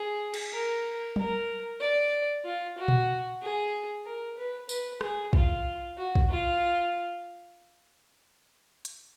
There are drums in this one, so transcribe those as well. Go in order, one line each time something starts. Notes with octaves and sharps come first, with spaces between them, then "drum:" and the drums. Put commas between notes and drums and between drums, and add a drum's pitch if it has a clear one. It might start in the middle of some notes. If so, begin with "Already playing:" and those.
Already playing: G#4
drum: cymbal
A#4
A#4, drum: tom F#3
D5
F4
F#4
drum: tom A#2
G#4
A#4
B4
B4, drum: tambourine
G#4, drum: rim click
F4, drum: kick
F#4
drum: kick
F4
drum: hi-hat